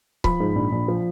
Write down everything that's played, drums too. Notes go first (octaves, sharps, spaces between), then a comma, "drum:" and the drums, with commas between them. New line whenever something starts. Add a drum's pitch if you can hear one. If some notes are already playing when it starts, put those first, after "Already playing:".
F3 B5, drum: kick C#1
G#2
A#1
A#1
F3